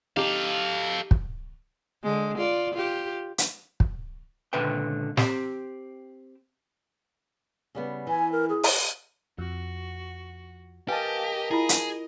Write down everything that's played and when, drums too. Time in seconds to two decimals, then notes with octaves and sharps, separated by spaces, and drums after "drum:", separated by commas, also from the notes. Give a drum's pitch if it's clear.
0.17 D#4 G4 A4 D#5 F5
1.11 drum: kick
2.03 D3 G#3
2.38 F4 D5
2.74 F4 G4
3.38 drum: hi-hat
3.80 drum: kick
4.53 C#2 A#2 D3 B4 E5 G5
5.17 C4 G4, drum: snare
7.75 C#3 G3 B3
8.07 E3 G#5
8.32 A#4
8.49 G#4
8.63 drum: open hi-hat
9.38 F2 F#4
10.88 G4 A#4 B4 D#5 F5 G#5 A5
11.51 E4 F4 G#4
11.69 drum: hi-hat